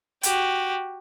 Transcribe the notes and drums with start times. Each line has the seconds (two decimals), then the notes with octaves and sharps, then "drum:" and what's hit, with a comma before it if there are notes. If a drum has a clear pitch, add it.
0.23 F#4 G4, drum: hi-hat